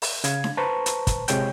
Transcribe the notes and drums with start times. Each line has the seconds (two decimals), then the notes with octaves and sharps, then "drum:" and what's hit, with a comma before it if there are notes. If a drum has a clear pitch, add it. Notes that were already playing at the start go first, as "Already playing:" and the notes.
0.02 drum: open hi-hat
0.24 C#3 F5 G#6, drum: hi-hat
0.44 drum: snare D4
0.57 B4 C5 A5 A#5 C#6
0.86 drum: hi-hat
1.07 drum: kick, hi-hat
1.28 C3 G#3 C#5 G5 G6, drum: hi-hat